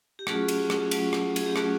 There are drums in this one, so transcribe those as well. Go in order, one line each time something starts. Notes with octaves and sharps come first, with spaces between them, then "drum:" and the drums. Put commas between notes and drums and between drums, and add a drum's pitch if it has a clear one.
G4
F#3 A3 C#4 F4 F#4 G#4, drum: rim click
drum: cymbal
drum: rim click
F#3 A3 C#4 F4, drum: cymbal
drum: rim click
G#4, drum: cymbal
G4
F#3 A3 C#4 F4 F#4, drum: rim click